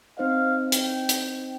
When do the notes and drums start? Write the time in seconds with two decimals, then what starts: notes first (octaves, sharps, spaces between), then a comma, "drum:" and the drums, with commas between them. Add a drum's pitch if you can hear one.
0.17 C4 D#4 C5 D#5 F5
0.72 G5, drum: hi-hat
1.09 drum: hi-hat